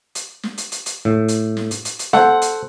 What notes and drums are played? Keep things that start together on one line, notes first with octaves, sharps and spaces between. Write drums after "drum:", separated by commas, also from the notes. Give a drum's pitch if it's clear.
drum: hi-hat
drum: snare
drum: hi-hat
drum: hi-hat
drum: hi-hat
A2
drum: hi-hat
drum: snare
drum: hi-hat
drum: hi-hat
drum: hi-hat
A4 C5 F#5, drum: snare
drum: hi-hat